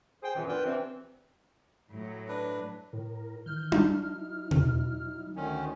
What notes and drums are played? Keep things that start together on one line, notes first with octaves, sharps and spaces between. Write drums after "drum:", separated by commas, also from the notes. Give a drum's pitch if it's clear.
G#4 C5 G5
F#2 A#2 E3
B3 D4 F4 A#4 B4 G5
C3 E3 C4
A2 F#3
D4 B4
A2 A#4
D#3 E3 F6 G6
drum: tom D4
F#3 D#4 E4
drum: tom
D2 D#3 C#4